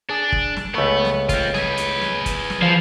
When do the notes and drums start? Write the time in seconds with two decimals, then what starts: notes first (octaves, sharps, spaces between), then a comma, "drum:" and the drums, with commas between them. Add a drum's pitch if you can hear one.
0.09 D4 G#4
0.32 drum: kick
0.57 drum: snare
0.74 C#2 A3 B3 B4
1.05 drum: snare
1.29 C4 F4, drum: kick, hi-hat
1.54 G#4 B4, drum: snare
1.77 drum: hi-hat
2.02 drum: snare
2.26 drum: kick, hi-hat
2.50 drum: snare
2.62 F3